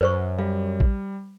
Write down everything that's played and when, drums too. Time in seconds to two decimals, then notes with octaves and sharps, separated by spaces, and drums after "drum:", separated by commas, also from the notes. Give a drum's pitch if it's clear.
0.01 F#2 B4 C5 C#6
0.39 G3 F5
0.80 drum: kick A1